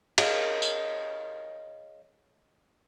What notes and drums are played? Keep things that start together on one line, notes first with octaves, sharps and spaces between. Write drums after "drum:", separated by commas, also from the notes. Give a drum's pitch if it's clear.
G#4 C#5 D#5 F5, drum: cymbal
drum: tambourine